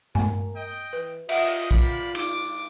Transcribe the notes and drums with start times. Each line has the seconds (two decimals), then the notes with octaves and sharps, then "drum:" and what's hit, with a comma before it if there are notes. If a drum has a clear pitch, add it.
0.15 A#4 G#5, drum: tom G2
0.55 D#5 G5
0.93 E3 B4
1.29 F4 D#5 E5 F#5, drum: cymbal
1.71 D5 F5 B5, drum: kick A#1
2.15 D6, drum: cymbal